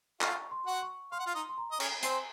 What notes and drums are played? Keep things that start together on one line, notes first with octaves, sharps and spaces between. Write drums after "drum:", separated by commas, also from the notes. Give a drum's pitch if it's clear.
F4 F5 C#6, drum: clap
C6
F#4 F#5
C#6
F5 C6
F#5
F4 F5
D#4 D#5
C6
A#5
D#5
C#4 C#5, drum: cymbal
C4 C5 G#5, drum: hi-hat